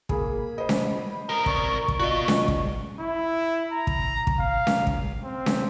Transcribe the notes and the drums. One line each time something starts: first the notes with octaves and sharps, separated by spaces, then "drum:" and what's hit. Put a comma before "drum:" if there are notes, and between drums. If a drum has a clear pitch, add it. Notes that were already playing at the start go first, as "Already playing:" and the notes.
A#3 G#4 B5, drum: kick
C5 D#5
drum: snare C#4
C3 A#4 A#5 D#6
D5 C#6, drum: kick
drum: kick
F4 F#4 D5 D#5
drum: snare C#4
drum: kick
E4
A#5
drum: kick
drum: kick
F5
drum: snare C#4
drum: kick
C4
drum: snare C#4